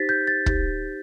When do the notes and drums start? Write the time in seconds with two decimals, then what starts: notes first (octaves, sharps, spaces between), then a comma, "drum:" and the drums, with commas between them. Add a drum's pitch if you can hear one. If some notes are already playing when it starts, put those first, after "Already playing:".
Already playing: D#4 G4 C5 A6 B6
0.09 G6
0.27 A6
0.46 D#4 G4 C5, drum: kick